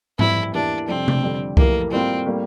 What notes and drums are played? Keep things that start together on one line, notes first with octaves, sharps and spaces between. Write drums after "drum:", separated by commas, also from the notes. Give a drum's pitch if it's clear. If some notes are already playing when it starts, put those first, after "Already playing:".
F2 E3 G3 C4 E4, drum: tom G#2
E2 E3 A#3 D4 E4 G4
F2 C3 G3 C4 D4 G4
drum: tom C3
F2 D3 G3
F2 E3 A3 A#3 E4 G4, drum: kick C2
A2 G3 A#3 C4 F4
A2 G3 A#3